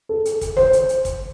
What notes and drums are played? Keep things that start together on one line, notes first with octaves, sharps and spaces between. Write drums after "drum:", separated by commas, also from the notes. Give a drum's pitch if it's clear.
A4
drum: hi-hat
drum: kick, hi-hat
C5, drum: snare
drum: hi-hat
drum: hi-hat
drum: kick, hi-hat